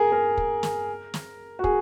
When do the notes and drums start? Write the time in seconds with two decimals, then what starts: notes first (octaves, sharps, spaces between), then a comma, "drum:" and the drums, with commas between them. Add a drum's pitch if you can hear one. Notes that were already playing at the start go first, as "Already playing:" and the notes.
Already playing: G#4 A#4
0.12 A#4
0.37 drum: kick
0.63 drum: snare
1.14 drum: snare
1.59 F#4
1.64 G#4, drum: kick